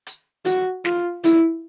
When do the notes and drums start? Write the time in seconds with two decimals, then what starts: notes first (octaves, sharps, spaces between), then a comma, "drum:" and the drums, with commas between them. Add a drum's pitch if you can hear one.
0.07 drum: hi-hat
0.45 F#4, drum: hi-hat
0.85 F4, drum: snare
1.24 E4, drum: hi-hat